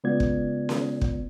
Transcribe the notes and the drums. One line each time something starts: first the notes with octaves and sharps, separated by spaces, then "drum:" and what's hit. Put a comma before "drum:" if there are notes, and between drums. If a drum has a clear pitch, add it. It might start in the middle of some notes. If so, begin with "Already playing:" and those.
C#3 G#3 B3 F4 D5 G#6
drum: kick
drum: snare C#4
drum: kick